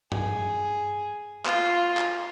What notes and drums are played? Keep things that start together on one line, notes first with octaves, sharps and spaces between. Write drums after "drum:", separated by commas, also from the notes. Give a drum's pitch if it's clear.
G#4, drum: tom G2
F4, drum: clap
drum: clap